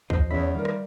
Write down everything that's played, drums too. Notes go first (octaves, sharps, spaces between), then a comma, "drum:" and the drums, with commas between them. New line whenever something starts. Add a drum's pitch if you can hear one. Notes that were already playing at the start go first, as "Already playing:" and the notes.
D#2 F3 C5 D#5, drum: kick
E2 E3 F3 C#4 D#5 E5 B5
D#3 G3 A#4 F5
drum: rim click